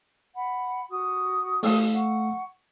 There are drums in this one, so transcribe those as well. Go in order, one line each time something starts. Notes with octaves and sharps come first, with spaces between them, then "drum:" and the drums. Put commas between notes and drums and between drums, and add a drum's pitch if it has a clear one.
F#5 B5
F#4 D#6
A3 F5 E6, drum: open hi-hat
F#5 C#6